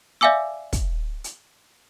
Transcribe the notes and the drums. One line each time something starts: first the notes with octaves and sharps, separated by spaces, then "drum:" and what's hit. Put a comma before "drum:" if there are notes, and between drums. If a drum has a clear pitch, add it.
D5 E5 F5 G#5 D6 E6
drum: kick, hi-hat
drum: hi-hat